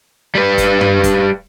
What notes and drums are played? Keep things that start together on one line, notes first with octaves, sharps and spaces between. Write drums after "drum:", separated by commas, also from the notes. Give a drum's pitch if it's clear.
G3 B4
drum: kick, hi-hat
drum: tom
drum: kick, hi-hat